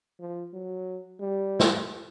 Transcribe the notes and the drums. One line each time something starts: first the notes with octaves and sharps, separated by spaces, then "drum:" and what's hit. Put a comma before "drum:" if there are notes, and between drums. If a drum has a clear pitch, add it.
F3
F#3
G3
drum: snare